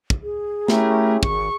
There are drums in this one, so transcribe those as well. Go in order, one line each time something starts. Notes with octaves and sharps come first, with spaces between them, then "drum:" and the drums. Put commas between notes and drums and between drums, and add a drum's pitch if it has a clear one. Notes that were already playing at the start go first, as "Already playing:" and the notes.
drum: kick
G#4
A3 C#4 E4 G4 A#4, drum: snare
G#1 C#6, drum: kick